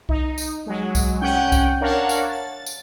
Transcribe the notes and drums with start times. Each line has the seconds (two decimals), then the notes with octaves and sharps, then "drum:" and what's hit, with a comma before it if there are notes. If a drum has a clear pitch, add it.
0.09 D#4, drum: kick C2
0.38 drum: tambourine
0.66 F#3 G#3
0.95 drum: kick C2, tambourine
1.21 C2 C#4 F#5 G5 G6
1.52 drum: kick C2, tambourine
1.81 D4 A#4 C#5 F5 F#5 A5
2.09 drum: tambourine
2.29 A6
2.66 drum: tambourine